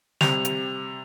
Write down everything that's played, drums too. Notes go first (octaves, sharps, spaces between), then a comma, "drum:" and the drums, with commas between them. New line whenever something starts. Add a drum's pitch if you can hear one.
C3 G3 F7, drum: snare
drum: hi-hat